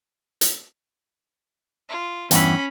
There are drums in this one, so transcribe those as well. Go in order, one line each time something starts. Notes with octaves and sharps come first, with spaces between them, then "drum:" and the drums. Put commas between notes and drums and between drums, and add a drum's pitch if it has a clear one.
drum: hi-hat
F4
E2 G2 E3 C#4 B5, drum: hi-hat